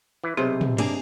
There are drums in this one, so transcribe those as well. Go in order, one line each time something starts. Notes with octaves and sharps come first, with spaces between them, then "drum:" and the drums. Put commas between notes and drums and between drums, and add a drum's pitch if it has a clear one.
E3
B1 C3 C4 G#4 C5
drum: tom
A#3 D4 G#4, drum: cymbal